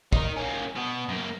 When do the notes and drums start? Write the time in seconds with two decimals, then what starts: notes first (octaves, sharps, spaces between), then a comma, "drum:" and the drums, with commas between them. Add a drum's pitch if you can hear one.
0.13 D#4 A#4, drum: kick
0.36 A#3 C#4
0.75 B2 B3
1.09 F#2 A#3